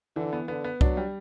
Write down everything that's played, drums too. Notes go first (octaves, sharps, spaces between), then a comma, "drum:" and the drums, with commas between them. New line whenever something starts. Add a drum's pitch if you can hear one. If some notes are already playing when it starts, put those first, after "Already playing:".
D3 E3
B3
D3 B3
B3
F#3 D4, drum: kick C2
G3